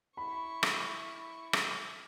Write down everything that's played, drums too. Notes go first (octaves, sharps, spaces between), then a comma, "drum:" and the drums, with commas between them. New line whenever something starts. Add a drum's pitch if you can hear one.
E4 B5 C#6
drum: rim click
drum: rim click